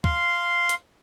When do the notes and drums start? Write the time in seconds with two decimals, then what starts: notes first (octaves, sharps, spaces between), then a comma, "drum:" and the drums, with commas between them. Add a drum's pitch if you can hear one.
0.04 F5 C6, drum: kick
0.69 drum: hi-hat